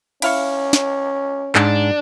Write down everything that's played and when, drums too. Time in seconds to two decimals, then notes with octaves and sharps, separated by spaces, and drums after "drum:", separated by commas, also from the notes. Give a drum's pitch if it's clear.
0.22 C#4 E4 F5 C#6, drum: cymbal
0.73 drum: snare
1.55 G#2 D4, drum: clap